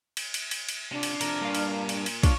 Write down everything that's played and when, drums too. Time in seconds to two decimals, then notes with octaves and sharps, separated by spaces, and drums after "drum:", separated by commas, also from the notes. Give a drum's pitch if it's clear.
0.17 drum: cymbal
0.34 drum: cymbal
0.51 drum: cymbal
0.69 drum: cymbal
0.92 C3 D4 F4
1.03 drum: cymbal
1.21 F2 C3 A#4, drum: cymbal
1.42 G2 A#2 A#4 F5
1.55 drum: cymbal
1.89 drum: cymbal
2.06 drum: cymbal
2.23 D4 F4 C#5, drum: kick, cymbal